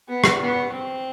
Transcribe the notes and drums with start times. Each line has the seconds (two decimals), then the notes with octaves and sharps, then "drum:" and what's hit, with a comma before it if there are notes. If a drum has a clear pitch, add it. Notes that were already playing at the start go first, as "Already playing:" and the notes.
0.08 B3
0.24 drum: rim click
0.41 B3
0.72 C4